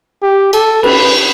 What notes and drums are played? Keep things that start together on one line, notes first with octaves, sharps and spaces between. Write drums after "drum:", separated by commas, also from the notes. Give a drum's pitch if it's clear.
G4
A4, drum: cymbal
B4, drum: cymbal